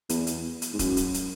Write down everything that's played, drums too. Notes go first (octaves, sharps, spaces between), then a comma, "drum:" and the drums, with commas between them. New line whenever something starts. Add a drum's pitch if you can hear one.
E2, drum: hi-hat
drum: hi-hat
drum: hi-hat
G#2
F#2, drum: kick D#1, hi-hat
drum: hi-hat
drum: hi-hat